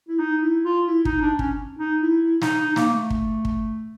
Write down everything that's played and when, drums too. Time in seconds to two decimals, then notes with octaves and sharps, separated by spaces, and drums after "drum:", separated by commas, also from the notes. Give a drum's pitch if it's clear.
0.08 E4
0.19 D#4
0.42 E4
0.65 F4
0.87 E4
1.05 D#4, drum: kick
1.22 D4
1.39 C#4, drum: kick
1.79 D#4
2.02 E4
2.24 E4
2.42 D#4, drum: snare
2.60 D#4
2.76 A#3, drum: snare
2.93 A3
3.10 drum: kick
3.45 drum: kick